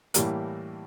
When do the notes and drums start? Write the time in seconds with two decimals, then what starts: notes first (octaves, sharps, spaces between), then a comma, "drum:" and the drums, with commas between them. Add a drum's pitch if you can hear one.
0.14 A2 E3 G3 A#3, drum: hi-hat